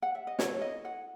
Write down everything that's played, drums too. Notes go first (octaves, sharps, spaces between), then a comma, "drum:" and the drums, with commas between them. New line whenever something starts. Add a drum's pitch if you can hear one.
F#5
E5
D#5
E4 A4 C#5, drum: snare
D#5
F#5